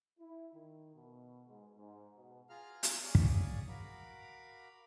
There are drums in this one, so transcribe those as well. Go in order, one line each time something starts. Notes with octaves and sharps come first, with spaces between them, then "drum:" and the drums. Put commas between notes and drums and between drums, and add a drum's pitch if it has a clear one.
E4
D#3
B2
G#2
G#2
B2
F4 G#4 F5 A#5 F6
drum: hi-hat
G#4 C#5 D5 F5 C#6 D#6
drum: kick
F#4 A#4 F5 A#5 B5 D6